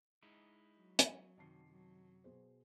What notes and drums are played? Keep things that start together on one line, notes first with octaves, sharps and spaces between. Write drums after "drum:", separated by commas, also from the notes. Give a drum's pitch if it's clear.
G#3 D#4 E4
F#3
drum: hi-hat
F#2 C3 D#3 A5 C7
F#3
B2 G#4 C5